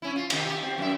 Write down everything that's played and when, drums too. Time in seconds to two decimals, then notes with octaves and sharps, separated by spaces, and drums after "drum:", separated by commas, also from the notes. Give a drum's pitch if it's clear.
0.02 C#4 E4
0.16 F4
0.30 C3 D#3 D#4, drum: cymbal
0.45 G4
0.63 C4
0.78 F#2 E5